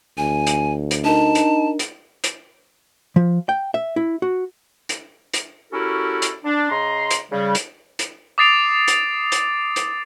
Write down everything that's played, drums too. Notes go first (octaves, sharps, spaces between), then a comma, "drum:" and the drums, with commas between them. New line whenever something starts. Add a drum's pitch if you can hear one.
D2 G#5
drum: hi-hat
drum: hi-hat
D4 D#4 A#4 A5
drum: hi-hat
drum: hi-hat
drum: hi-hat
F3
G5
E5
E4
F#4
drum: hi-hat
drum: hi-hat
C#4 E4 F#4 G4 A4 A#4
drum: hi-hat
D4
C#3 D#5 A#5 C6
drum: hi-hat
C#3 G3
drum: hi-hat
drum: hi-hat
D6 D#6 A6 C7 D7 F7
drum: hi-hat
drum: hi-hat
drum: hi-hat